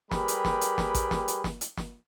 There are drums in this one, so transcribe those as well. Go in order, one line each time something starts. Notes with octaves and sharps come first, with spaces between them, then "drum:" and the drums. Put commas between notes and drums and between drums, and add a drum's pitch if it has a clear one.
G3 G4 G#4 A#4 B4 B5, drum: snare
drum: hi-hat
drum: snare
drum: hi-hat
drum: snare
drum: kick A1, hi-hat
drum: snare
drum: hi-hat
drum: snare
drum: hi-hat
drum: snare